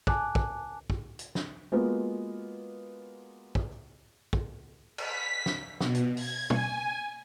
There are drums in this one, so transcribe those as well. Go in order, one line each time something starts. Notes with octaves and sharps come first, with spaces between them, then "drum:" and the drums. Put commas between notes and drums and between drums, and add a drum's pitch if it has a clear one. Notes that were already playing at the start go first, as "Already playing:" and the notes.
G#5 A5 D6 F#6, drum: kick
drum: kick
drum: kick
drum: hi-hat
drum: snare
G#3 A#3 B3 F4 F#4
drum: kick
drum: kick
B6, drum: cymbal
drum: snare
B2, drum: snare
drum: hi-hat
G#6, drum: open hi-hat
G#5, drum: tom